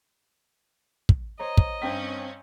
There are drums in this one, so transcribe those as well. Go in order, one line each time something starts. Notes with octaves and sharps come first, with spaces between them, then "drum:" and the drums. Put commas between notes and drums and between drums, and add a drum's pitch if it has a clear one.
drum: kick
C5 C#5 D#5 A#5
drum: kick
G2 C4 C#4 G5 B6